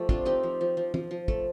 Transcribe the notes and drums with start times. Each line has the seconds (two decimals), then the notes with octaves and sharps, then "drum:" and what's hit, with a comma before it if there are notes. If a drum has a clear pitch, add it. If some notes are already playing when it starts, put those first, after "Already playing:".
Already playing: F3 A3 G4
0.09 C4 D4 F4, drum: kick
0.25 C4 D#4 G4
0.43 F3
0.61 F3
0.77 F3
0.94 F3, drum: tom
1.11 F3
1.28 A3, drum: kick